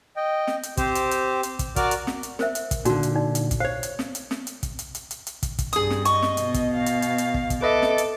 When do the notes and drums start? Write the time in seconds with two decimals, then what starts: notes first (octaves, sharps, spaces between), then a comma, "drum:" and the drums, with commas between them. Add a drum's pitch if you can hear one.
0.16 D#5 G5
0.47 drum: snare
0.63 drum: hi-hat
0.77 C4 G4 C5, drum: kick, hi-hat
0.95 drum: hi-hat
1.11 drum: hi-hat
1.43 drum: hi-hat
1.59 drum: kick, hi-hat
1.76 F#4 A#4 D5 D6 F6, drum: kick, hi-hat
1.91 drum: hi-hat
2.07 drum: snare
2.23 drum: hi-hat
2.39 A#4 C5 E5, drum: snare
2.55 drum: hi-hat
2.71 drum: kick, hi-hat
2.85 A#2 D3 D#4 F#4, drum: hi-hat
3.03 drum: hi-hat
3.15 D#4 D5
3.35 drum: hi-hat
3.51 drum: kick, hi-hat
3.60 C5 C#5 F5
3.83 drum: hi-hat
3.99 drum: snare
4.15 drum: hi-hat
4.31 drum: snare
4.47 drum: hi-hat
4.63 drum: kick, hi-hat
4.79 drum: hi-hat
4.95 drum: hi-hat
5.11 drum: hi-hat
5.27 drum: hi-hat
5.43 drum: kick, hi-hat
5.59 drum: kick, hi-hat
5.73 G2 G#4 D#6, drum: hi-hat
5.90 drum: snare
6.05 D#5 C#6, drum: hi-hat
6.22 drum: snare
6.37 B2, drum: hi-hat
6.54 drum: kick, hi-hat
6.74 F5
6.86 drum: hi-hat
7.02 drum: hi-hat
7.18 drum: hi-hat
7.34 drum: kick
7.50 drum: kick, hi-hat
7.62 A4 B4 D#5 E5 D6
7.82 drum: snare
7.98 drum: hi-hat